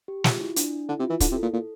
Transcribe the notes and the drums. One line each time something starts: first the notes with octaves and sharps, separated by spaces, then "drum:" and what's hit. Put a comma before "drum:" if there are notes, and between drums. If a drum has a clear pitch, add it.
G4
F4, drum: snare
E4
D4, drum: hi-hat
D3 E4
C3
F4
E3
D3 E4, drum: kick, hi-hat
C3
A4
A#2
A#2